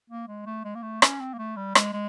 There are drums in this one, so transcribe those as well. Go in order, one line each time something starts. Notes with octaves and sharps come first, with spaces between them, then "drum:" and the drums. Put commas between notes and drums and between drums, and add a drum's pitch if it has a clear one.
A#3
G#3
A3
G#3
A#3
A3
C#4, drum: rim click
C4
A#3
A3
G3
G#3, drum: rim click
G#3